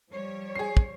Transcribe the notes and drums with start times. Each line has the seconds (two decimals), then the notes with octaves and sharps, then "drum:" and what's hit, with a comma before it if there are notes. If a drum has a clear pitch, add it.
0.11 F3 G3 C#5
0.55 G#4 C7
0.77 drum: kick